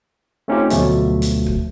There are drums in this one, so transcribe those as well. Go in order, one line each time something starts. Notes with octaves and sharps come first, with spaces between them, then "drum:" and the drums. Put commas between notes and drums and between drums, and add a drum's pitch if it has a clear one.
A3 C4 C#4 D#4 F4 G4
D2 B2 F3 F#3 A3, drum: hi-hat
drum: hi-hat
drum: kick